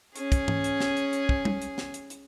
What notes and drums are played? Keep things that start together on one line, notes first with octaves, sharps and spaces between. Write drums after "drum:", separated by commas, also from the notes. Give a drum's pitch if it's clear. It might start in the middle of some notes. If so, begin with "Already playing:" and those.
C#4 G#4, drum: hi-hat
drum: kick, hi-hat
drum: tom G#2
drum: hi-hat
drum: snare
drum: hi-hat
drum: hi-hat
drum: kick
drum: tom
drum: hi-hat
drum: snare
drum: hi-hat
drum: hi-hat